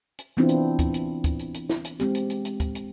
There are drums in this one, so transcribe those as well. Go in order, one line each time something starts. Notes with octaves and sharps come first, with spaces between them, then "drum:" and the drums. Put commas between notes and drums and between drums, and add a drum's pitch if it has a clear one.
drum: hi-hat
E3 B3 C4 D4 E4 F4
drum: hi-hat
drum: kick D2, hi-hat
drum: hi-hat
drum: kick D2, hi-hat
drum: hi-hat
drum: hi-hat
drum: snare
drum: hi-hat
G#3 C4 G4, drum: hi-hat
drum: hi-hat
drum: hi-hat
drum: hi-hat
drum: kick D2, hi-hat
drum: hi-hat